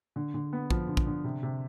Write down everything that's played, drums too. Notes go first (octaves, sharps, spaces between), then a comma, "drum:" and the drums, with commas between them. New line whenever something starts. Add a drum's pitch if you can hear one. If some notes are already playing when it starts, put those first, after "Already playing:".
D3
D3
B3
F3, drum: kick
D3
drum: kick
D3
C3
C3